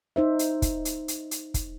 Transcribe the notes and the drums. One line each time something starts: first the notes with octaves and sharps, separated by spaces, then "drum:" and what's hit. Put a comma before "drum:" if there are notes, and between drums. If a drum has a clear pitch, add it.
D#4 C5 E5
drum: hi-hat
drum: kick, hi-hat
drum: hi-hat
drum: hi-hat
drum: hi-hat
drum: kick, hi-hat